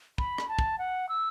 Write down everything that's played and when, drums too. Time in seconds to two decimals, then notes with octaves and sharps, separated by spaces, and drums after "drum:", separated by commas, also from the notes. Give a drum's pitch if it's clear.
0.18 B5, drum: kick
0.38 drum: rim click
0.49 A5
0.59 drum: kick
0.79 F#5
1.09 E6